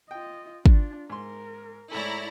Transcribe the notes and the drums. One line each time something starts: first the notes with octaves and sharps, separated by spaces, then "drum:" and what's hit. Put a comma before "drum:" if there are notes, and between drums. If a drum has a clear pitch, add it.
F4 D#5 G5
D4 F4, drum: kick
G#2 A#4 C6
G#2 A3 E4 C#5 D5 A#5